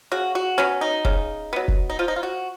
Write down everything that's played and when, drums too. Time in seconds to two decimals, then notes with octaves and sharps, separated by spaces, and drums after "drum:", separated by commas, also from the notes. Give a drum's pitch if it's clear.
0.12 C#3 F#4
0.35 F#4
0.58 F#3 B3 C#4
0.81 D#4
1.05 C#3, drum: kick
1.53 F#3 B3
1.68 drum: kick
1.90 D#4
1.99 F3 F4
2.08 D#4
2.16 F4
2.23 F#4